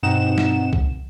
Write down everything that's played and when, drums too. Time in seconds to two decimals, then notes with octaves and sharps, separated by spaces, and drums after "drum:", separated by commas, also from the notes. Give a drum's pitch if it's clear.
0.03 G2 B2 C4 D#4 F#5 E7
0.38 drum: snare
0.73 drum: kick C2